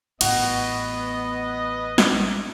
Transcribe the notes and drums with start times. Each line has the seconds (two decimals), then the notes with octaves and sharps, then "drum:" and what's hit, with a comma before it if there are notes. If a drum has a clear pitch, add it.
0.21 A1 B3 F#4 B4 D#5, drum: cymbal
1.98 drum: snare